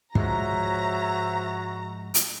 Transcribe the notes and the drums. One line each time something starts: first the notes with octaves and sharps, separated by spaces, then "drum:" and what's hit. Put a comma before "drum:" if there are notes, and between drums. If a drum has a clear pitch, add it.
G#2 F3 G#3 F#4 C5 C#5 E5 A#5, drum: kick
drum: hi-hat